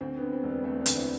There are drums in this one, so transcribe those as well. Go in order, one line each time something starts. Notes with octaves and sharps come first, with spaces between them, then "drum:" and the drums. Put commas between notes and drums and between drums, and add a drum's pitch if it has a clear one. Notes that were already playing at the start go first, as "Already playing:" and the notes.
D2 C4
D3 B3
C4
E1
B3
A3 C4
B3 D4
D2, drum: hi-hat
C4 E4